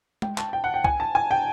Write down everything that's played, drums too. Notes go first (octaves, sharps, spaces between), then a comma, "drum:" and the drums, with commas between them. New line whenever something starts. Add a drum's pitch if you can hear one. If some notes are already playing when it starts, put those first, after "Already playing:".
G5, drum: tom G#3
A5, drum: clap
G5
F#5
G5
G#5, drum: kick C2
A5
G#5
G5